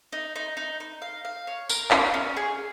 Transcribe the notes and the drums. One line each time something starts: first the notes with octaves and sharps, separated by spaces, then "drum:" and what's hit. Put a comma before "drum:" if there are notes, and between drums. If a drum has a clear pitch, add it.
D#4
D#4
D#4
D#4
F5
F5
C#5
A#4, drum: tambourine
C#4, drum: clap
C#4
G#4